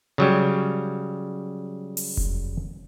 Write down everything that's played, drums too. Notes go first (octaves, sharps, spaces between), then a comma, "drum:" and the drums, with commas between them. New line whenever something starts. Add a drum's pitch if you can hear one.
C#3 F#3 G3
drum: open hi-hat
drum: kick F1